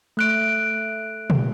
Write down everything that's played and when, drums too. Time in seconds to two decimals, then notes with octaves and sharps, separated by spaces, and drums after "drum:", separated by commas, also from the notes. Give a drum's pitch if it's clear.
0.17 A3 F#6 D7
1.30 drum: tom